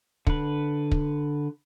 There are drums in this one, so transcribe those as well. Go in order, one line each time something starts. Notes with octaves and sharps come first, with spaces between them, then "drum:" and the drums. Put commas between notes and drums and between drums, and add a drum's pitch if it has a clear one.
D3 B4, drum: kick
drum: kick